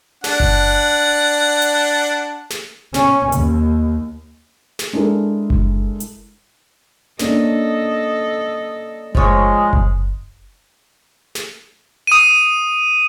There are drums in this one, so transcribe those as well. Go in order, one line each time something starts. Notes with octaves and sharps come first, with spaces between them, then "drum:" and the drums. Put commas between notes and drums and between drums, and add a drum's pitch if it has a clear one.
D4 F#5, drum: snare
drum: kick F#1
drum: hi-hat
drum: snare
C#4, drum: snare
D#2, drum: hi-hat
drum: snare
G#3 D4 E4 A4 A#4
drum: kick F#1
drum: hi-hat
A#3 C#4 D4 A4 D#5, drum: snare
F3 G#3 C#5, drum: kick F#1
drum: kick F#1
drum: snare
D#6 D#7